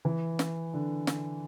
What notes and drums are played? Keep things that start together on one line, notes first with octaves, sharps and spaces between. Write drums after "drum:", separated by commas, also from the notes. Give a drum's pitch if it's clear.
E3
drum: snare
D3
drum: snare